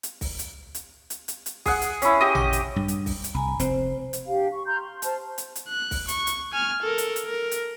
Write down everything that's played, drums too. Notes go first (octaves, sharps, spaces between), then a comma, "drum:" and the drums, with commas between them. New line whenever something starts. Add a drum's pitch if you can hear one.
drum: hi-hat
drum: kick, open hi-hat
drum: hi-hat
drum: hi-hat
drum: hi-hat
drum: hi-hat
drum: hi-hat
G#4 F#5, drum: kick, open hi-hat
drum: hi-hat
C#4 E4, drum: hi-hat
G4 D#5
drum: tom A1
drum: hi-hat
G2
drum: hi-hat
drum: kick, open hi-hat
drum: hi-hat
C2 G#5 A#5 B5
F1 B2 C4 C5, drum: hi-hat
drum: hi-hat
D4 G4 F5
C#6
A#5 C6 F6 G6
C6
C5 A5 F6, drum: hi-hat
drum: hi-hat
drum: hi-hat
F#6
drum: kick, open hi-hat
C#6, drum: hi-hat
drum: hi-hat
G#5 F6
A4 A#4
drum: hi-hat
drum: hi-hat
A#4
drum: hi-hat